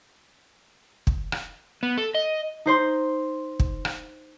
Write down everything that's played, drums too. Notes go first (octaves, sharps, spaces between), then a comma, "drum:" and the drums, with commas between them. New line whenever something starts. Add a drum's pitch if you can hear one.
drum: kick
drum: rim click
B3
A4
D#5
D#4 C5 C6
drum: kick
drum: rim click